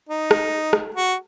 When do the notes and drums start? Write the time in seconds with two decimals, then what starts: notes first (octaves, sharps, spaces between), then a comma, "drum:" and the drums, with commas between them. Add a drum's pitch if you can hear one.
0.09 D#4
0.31 drum: rim click
0.73 drum: rim click
0.95 F#4